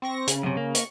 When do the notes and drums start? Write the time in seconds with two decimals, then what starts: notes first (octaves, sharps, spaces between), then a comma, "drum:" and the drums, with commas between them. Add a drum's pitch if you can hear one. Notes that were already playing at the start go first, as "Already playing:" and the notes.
0.02 C4 C#6 A#6
0.27 C#3, drum: hi-hat
0.43 F#2 C3
0.57 A#3
0.75 C#6, drum: hi-hat